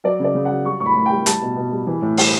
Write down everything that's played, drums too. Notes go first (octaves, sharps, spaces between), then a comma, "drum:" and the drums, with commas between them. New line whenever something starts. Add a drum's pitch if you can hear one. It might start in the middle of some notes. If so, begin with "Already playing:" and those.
F#3 D5
C#3 D5
C#3
F#5
F#3
G3 C#6
A2 C#6
B5
A2
G5
G3
G3 A5, drum: hi-hat
B2
B2
G3
E3
A2
G3, drum: open hi-hat